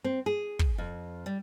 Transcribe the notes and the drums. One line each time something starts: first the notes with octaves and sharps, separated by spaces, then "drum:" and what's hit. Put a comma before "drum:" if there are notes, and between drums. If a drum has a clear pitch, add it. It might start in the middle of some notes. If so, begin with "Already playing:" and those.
C4
G#4
drum: kick
F2
G3